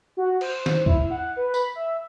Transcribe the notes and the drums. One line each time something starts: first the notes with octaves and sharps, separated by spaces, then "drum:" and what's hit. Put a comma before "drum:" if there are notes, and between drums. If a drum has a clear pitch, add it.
F#4
C5, drum: cymbal
drum: snare
E4, drum: kick
F#5
B4
B5, drum: tambourine
E5